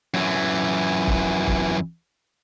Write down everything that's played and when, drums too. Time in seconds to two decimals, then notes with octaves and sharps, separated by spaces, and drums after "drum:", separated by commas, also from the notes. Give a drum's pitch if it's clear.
0.14 F#2 E3
1.07 drum: kick
1.47 drum: kick